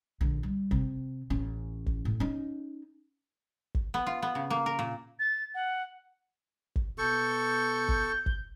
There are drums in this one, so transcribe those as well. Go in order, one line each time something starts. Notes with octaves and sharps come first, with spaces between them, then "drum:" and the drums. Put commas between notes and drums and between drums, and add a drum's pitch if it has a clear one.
A#1 D3
G3
C3, drum: kick
A1 C#4
drum: kick
A2
C#4 D#4
drum: kick
B3
F4
B3
C#3
A#3
A#4
A#2
A6
F#5
drum: kick
B2 A4 C#6 G6
drum: kick
drum: kick